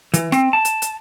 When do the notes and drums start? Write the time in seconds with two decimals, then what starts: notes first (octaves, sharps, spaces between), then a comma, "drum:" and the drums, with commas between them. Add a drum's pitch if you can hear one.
0.14 E3, drum: hi-hat
0.32 C4, drum: rim click
0.53 A5
0.65 drum: hi-hat
0.82 drum: hi-hat